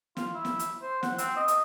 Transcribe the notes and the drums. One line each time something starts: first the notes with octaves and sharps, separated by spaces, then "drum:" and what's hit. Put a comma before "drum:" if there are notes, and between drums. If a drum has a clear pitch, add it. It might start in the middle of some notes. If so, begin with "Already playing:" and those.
F4, drum: snare
E4
drum: snare
drum: hi-hat
C5
F#5, drum: snare
C4, drum: hi-hat
D#5
drum: hi-hat